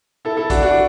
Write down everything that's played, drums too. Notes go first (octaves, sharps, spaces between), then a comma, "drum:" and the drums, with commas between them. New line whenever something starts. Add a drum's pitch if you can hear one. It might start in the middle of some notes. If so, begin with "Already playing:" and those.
E4 A4
E4 A4
D4 F#4, drum: kick A#1, hi-hat
D4 F#4